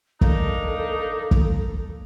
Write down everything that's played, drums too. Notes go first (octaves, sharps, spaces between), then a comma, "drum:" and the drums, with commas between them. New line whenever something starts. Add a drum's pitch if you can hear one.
A#3 D4 D#4 A4, drum: kick
drum: kick